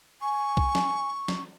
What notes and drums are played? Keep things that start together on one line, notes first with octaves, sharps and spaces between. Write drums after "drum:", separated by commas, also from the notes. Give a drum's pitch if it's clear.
G#5 C#6
drum: kick B1
drum: snare
drum: snare